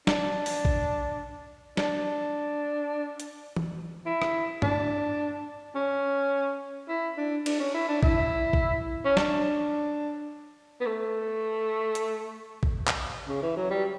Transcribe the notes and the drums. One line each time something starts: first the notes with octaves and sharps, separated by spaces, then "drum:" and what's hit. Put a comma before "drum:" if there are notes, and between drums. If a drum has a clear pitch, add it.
D4, drum: snare
drum: open hi-hat
drum: kick A#1
D4, drum: snare
drum: hi-hat
drum: tom E3
E4
drum: rim click
D4, drum: tom G2
C#4
E4
D4
D4, drum: cymbal
C#4
E4
D4
E4, drum: kick A#1
drum: kick A#1
C#4
D4, drum: snare
B3
A3
drum: hi-hat
drum: kick A#1
drum: clap
C#3
E3
F#3
G3